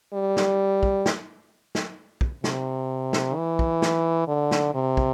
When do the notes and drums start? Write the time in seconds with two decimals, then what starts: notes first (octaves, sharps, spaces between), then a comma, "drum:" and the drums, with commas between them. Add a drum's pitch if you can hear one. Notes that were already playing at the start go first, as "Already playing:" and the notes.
0.14 G3
0.37 drum: snare
0.83 drum: kick
1.06 drum: snare
1.75 drum: snare
2.21 drum: kick
2.44 C3, drum: snare
3.13 drum: snare
3.36 E3
3.59 drum: kick
3.82 drum: snare
4.28 D3
4.51 drum: snare
4.75 C3
4.97 drum: kick